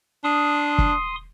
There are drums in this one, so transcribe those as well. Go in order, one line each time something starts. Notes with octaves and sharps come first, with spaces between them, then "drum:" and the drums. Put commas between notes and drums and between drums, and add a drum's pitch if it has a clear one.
D4 C6 D#6
drum: kick